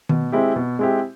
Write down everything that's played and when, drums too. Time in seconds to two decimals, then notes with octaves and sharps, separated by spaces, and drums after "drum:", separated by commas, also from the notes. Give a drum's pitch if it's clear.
0.09 B2, drum: tom D#3
0.32 G#3 C4 E4 G4
0.56 B2
0.79 G#3 C4 E4 G4